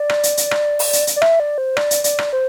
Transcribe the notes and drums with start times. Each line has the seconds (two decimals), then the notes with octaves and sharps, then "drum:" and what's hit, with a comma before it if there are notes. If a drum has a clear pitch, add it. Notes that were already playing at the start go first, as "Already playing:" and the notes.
Already playing: D5
0.09 drum: rim click
0.23 drum: hi-hat
0.37 drum: hi-hat
0.51 drum: rim click
0.79 drum: open hi-hat
0.93 drum: hi-hat
1.07 drum: hi-hat
1.16 D5
1.22 E5, drum: rim click
1.40 D5
1.58 C5
1.77 D5, drum: rim click
1.91 drum: hi-hat
2.04 D5, drum: hi-hat
2.19 drum: rim click
2.33 C5